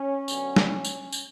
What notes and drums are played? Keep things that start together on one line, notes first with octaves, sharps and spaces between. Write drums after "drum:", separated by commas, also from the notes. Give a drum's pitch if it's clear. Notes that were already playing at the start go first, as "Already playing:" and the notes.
Already playing: C#4
D3 F#3 B3, drum: tambourine
drum: snare G3
drum: tambourine
drum: tambourine